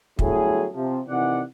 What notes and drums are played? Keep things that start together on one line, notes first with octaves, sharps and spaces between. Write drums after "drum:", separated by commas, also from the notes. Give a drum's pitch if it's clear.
G1 A2 F#3 G#4, drum: kick
C3 F3
C3 D#3 E3 D5 F#5